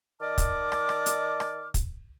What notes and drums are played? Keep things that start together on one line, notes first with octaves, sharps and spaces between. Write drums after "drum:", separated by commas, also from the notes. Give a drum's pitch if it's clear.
D#3 D5 D#5 A5 D6 F6
drum: kick, hi-hat
drum: rim click
drum: rim click
drum: hi-hat
drum: rim click
drum: kick, hi-hat